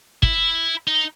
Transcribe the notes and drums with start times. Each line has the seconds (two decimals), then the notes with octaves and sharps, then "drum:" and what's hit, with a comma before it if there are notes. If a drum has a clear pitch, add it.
0.23 E4, drum: kick
0.87 D#4